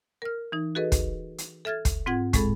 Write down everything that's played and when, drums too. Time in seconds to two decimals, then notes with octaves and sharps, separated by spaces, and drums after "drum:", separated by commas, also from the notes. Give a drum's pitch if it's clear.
0.22 A#4 F6
0.52 E3 D#4
0.75 F#4 G#4 A4 B4 D#5
0.92 drum: kick, hi-hat
1.38 drum: hi-hat
1.65 A4 E5 F6 G#6 A6
1.85 drum: kick, hi-hat
2.06 G#2 C4 F4 F#5 G#6
2.33 A2 G#3 G#4 A4 B5, drum: kick, hi-hat